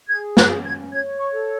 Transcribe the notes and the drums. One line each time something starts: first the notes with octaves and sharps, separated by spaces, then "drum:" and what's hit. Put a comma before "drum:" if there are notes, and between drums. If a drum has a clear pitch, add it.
G#4 G#6
F#6, drum: snare
C#4
G#6
C#5 G#6
C#6
A4